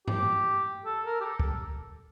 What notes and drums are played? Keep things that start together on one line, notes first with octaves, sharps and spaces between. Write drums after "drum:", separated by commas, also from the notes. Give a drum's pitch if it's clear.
G4, drum: tom G2
A4
A#4
G4
A4
drum: kick